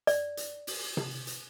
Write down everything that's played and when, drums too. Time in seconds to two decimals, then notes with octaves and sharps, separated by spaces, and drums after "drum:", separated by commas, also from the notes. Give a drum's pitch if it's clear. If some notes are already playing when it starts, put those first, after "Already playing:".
0.07 D5, drum: hi-hat
0.37 drum: hi-hat
0.67 drum: open hi-hat
0.97 drum: tom C3
1.27 drum: hi-hat